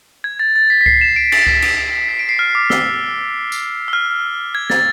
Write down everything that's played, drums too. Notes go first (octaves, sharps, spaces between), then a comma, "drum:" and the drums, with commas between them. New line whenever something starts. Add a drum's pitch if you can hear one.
G#6
A6
A6
B6
B6
C7, drum: kick C#2
E7
D7
A6, drum: cymbal
B6, drum: kick C#2
drum: cymbal
B6
D7
C7
F6
D6
E6, drum: snare
drum: tambourine
E6
F6
G#6
A6, drum: snare